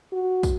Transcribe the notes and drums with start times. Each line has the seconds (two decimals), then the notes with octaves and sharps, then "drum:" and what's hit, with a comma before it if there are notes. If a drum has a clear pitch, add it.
0.12 F#4
0.43 drum: kick, tambourine